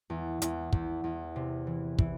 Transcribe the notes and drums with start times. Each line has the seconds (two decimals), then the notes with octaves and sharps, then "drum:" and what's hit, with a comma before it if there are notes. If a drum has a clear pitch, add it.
0.10 E2
0.42 E2, drum: hi-hat
0.73 E2, drum: kick
1.04 E2
1.36 C3
1.67 E3
1.99 E3, drum: kick